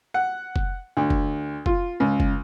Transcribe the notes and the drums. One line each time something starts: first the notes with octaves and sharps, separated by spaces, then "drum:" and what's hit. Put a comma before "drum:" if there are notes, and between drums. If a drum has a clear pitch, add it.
F#5
drum: kick F1
D2
drum: kick F1
F4, drum: kick F1
C#2
drum: kick F1